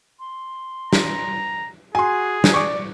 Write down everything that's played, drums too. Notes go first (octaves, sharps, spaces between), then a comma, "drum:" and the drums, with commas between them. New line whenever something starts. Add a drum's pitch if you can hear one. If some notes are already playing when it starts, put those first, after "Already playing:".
C6
A#5, drum: snare
F#4 G#4 G#5 C6
drum: snare
D5 C#6 D6